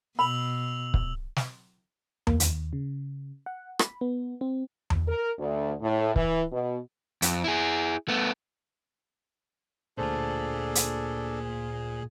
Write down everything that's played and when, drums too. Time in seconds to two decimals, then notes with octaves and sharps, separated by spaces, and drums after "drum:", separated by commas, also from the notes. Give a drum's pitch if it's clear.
0.19 B2 B5 E6 F7 F#7
0.94 drum: kick
1.36 drum: snare
2.27 A#3, drum: tom E2
2.40 D#2, drum: hi-hat
2.73 C#3
3.46 F#5
3.79 B5, drum: rim click
4.01 B3
4.41 C4
4.90 drum: tom E2
5.08 A#4
5.39 D2
5.81 A2
6.16 E3, drum: kick
6.53 B2
7.22 F2, drum: hi-hat
7.44 E4 G#4
8.08 A3 B3
9.98 D2 A#2 D4 F4 G#4 A4 C5
10.75 drum: hi-hat